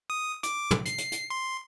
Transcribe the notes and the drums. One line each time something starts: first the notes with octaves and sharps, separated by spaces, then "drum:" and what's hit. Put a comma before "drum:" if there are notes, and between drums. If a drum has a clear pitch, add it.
D#6
D6, drum: hi-hat
drum: tom
C7, drum: hi-hat
drum: hi-hat
drum: hi-hat
C6